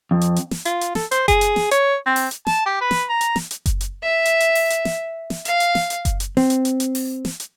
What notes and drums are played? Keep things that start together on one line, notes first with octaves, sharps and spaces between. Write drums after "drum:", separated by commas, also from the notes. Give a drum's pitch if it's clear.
F2
drum: hi-hat
drum: hi-hat
drum: snare
F4, drum: hi-hat
drum: hi-hat
A4, drum: snare
C5, drum: hi-hat
G#4, drum: kick F#1, hi-hat
drum: hi-hat
drum: snare
C#5, drum: hi-hat
C4
drum: open hi-hat
drum: hi-hat
A5, drum: snare
G4
B4
drum: snare
A#5
drum: hi-hat
drum: snare
drum: hi-hat
drum: kick F#1, hi-hat
drum: hi-hat
E5
drum: hi-hat
drum: hi-hat
drum: open hi-hat
drum: hi-hat
drum: snare
drum: snare
F5, drum: hi-hat
drum: hi-hat
drum: snare
drum: hi-hat
drum: kick F#1, hi-hat
drum: hi-hat
C4, drum: snare
drum: hi-hat
drum: hi-hat
drum: hi-hat
drum: open hi-hat
drum: snare
drum: hi-hat